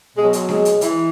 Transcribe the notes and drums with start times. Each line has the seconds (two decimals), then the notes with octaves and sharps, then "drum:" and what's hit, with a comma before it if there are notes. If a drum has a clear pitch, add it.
0.17 B2 F#3 G#3
0.33 drum: hi-hat
0.49 G#3, drum: snare D4
0.65 drum: hi-hat
0.81 E3, drum: hi-hat